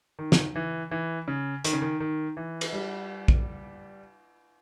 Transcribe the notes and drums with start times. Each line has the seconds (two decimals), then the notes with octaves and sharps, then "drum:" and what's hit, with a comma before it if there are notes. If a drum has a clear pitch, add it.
0.19 D#3
0.32 drum: snare
0.56 E3
0.91 E3
1.28 C#3
1.64 D#3, drum: hi-hat
1.73 C#3
1.82 D#3
2.00 D#3
2.37 E3
2.61 drum: cymbal
2.73 G3
3.28 drum: kick A#1